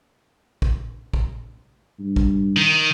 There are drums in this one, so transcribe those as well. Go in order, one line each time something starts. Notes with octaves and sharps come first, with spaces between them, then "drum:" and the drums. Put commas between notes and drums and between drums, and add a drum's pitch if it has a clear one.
drum: kick
drum: kick
G2
drum: kick
D#3